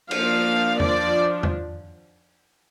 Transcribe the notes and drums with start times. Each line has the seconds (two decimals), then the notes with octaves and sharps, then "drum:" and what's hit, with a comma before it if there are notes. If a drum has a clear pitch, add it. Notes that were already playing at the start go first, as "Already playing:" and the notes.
0.11 F3 A#3 D4 F5, drum: cymbal
0.80 F3 D4 D5, drum: tom E2
1.43 drum: tom E2